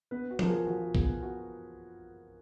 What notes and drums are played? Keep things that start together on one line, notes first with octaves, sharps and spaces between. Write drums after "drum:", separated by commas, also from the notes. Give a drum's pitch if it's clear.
B3 B4
F#4
F3 A#4, drum: tom
G#4
F3 F#4
F#4
B3 G#4, drum: kick B1
F#4